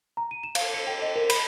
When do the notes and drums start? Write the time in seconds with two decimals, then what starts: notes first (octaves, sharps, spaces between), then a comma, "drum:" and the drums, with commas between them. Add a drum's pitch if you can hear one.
0.17 A#5
0.31 D#7
0.43 E7
0.55 F5, drum: cymbal
0.74 C#7
0.87 G5
1.02 D#5
1.16 A#4
1.30 B5, drum: cymbal